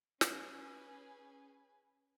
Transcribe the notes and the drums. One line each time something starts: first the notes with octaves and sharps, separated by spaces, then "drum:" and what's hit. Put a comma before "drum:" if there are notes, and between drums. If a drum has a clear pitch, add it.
C#4 G#4 B4 G#5, drum: snare